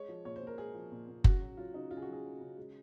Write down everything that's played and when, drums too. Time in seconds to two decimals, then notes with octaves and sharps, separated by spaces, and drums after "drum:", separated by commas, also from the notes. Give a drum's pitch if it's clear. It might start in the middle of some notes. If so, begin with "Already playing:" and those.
Already playing: G#3 C#5
0.09 F3
0.25 A#2 C#5
0.36 C5
0.42 A#2
0.47 A#4
0.58 G#3 G#4
0.75 F3
0.92 A#2
1.08 A#2
1.24 C#3 F#4, drum: kick F#1
1.41 F#3
1.57 F#3 F4
1.74 C#3 D#4
1.91 C#3 F4
1.97 G#4
2.02 F#4
2.08 F#3
2.13 G#4
2.25 F#3
2.41 C#3
2.57 G#3